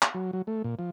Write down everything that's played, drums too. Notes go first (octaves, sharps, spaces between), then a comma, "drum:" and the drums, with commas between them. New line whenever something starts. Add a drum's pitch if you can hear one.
drum: clap
F#3
F#3
A3
A#2
F3